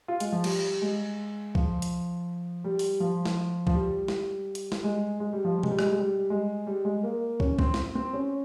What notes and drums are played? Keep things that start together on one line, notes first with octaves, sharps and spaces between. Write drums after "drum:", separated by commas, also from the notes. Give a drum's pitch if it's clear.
F4
G#3, drum: hi-hat
F3
G3, drum: cymbal
G#3
F3, drum: kick
drum: hi-hat
G3
drum: open hi-hat
F3
drum: snare
F3, drum: kick
G3
drum: snare
drum: hi-hat
drum: snare
G#3
G#3
G3
F3
G3
G#3, drum: tom B2
G3
G#3, drum: rim click
G3
G#3
G3
G#3
G3
G#3
A#3
C#4, drum: kick
C4, drum: kick
drum: snare
C4
C#4